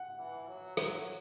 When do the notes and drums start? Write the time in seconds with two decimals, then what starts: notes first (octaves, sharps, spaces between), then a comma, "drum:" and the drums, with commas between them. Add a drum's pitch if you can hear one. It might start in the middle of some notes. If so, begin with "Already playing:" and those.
Already playing: F#5
0.18 E3
0.48 F#3
0.77 F#3, drum: rim click